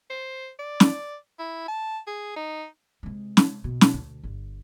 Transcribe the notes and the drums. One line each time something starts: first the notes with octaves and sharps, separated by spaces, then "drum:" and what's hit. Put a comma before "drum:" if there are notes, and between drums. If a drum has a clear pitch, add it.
C5
D5
drum: snare
E4
A5
G#4
D#4
C3 G#3
drum: snare
B2
drum: snare
D2
G1